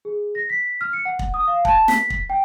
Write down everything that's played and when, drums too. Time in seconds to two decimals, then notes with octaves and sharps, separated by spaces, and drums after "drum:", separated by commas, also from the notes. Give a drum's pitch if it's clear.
0.05 G#4
0.35 A#6
0.50 B6
0.81 F6
0.93 C#7
1.05 F#5
1.19 drum: kick
1.34 D#6
1.48 F5
1.65 A5, drum: kick
1.88 B6, drum: snare
2.10 drum: kick
2.30 G5